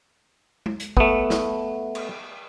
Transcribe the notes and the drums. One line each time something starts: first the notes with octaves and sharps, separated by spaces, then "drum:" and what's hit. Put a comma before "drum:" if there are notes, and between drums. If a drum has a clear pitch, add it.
drum: tom G#3
drum: hi-hat
A3 B3, drum: kick
drum: snare
drum: cymbal